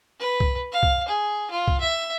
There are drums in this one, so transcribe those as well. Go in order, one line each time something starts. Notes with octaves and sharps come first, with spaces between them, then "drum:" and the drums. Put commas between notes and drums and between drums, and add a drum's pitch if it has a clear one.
B4
drum: kick C2
F5
drum: kick C2
G#4
F4
drum: kick C2
E5